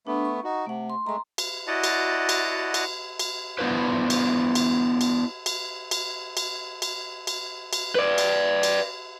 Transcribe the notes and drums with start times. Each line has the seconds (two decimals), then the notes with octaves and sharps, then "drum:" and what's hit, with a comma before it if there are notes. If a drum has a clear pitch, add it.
0.07 A3 B3 D4
0.25 C#6
0.44 D#4 F#4
0.66 C3 A3 F#5
0.90 C6
1.06 G#3 A3 A#5 C6
1.38 drum: cymbal
1.67 E4 F#4 D5 D#5 F#5 A5
1.84 drum: cymbal
2.29 drum: cymbal
2.74 drum: cymbal
3.19 drum: cymbal
3.59 B3 D4 E4 F4 B4 C5
4.10 drum: cymbal
4.55 drum: cymbal
5.01 drum: cymbal
5.46 drum: cymbal
5.91 drum: cymbal
6.37 drum: cymbal
6.82 drum: cymbal
7.27 drum: cymbal
7.73 drum: cymbal
7.95 B4 D5
8.18 drum: cymbal
8.63 drum: cymbal